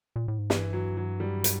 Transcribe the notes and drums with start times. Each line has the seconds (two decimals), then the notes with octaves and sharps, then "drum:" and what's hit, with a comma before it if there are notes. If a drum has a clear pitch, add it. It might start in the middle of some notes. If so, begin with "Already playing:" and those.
0.16 A#2
0.28 A2
0.39 G#2
0.50 G2 E3, drum: snare
0.73 F#3
0.97 F#3
1.20 G3
1.44 drum: hi-hat